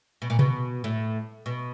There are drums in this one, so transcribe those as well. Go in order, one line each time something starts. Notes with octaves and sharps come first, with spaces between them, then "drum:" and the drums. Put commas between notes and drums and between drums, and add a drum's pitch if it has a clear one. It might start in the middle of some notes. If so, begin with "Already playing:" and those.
B2
A#2
B2, drum: tom C3
A2
B2